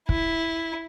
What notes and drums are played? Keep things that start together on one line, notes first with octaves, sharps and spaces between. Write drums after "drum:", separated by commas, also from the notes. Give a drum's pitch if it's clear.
E4, drum: kick